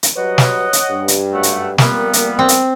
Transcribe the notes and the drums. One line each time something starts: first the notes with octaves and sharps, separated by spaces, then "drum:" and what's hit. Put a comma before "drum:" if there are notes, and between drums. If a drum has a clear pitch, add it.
drum: hi-hat
F#3 G3 B4 C#5 D#5 F#5
drum: snare
drum: hi-hat
G2
drum: hi-hat
F#2 A3 F#5
drum: hi-hat
F2 C3 G3 A#3 B3, drum: snare
drum: hi-hat
C4
drum: hi-hat